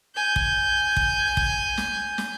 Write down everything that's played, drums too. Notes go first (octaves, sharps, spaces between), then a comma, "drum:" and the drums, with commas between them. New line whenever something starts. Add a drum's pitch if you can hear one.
G#5 G6
drum: kick
drum: kick
drum: kick
drum: snare
drum: snare